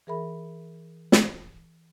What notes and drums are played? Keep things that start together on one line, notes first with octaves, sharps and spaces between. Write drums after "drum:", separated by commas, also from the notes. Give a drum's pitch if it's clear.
E3 G#4 A#4 E5 B5
drum: snare